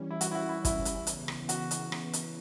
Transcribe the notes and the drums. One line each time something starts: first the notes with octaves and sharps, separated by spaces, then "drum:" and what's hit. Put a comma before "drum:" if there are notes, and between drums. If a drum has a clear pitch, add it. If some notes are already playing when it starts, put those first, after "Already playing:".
Already playing: E3 G3 C#4
E4
F#4, drum: hi-hat
E4
F#4
E4
E4, drum: kick, hi-hat
drum: hi-hat
C#3 E3 B3, drum: hi-hat
drum: rim click
F#4, drum: hi-hat
drum: hi-hat
drum: rim click
drum: hi-hat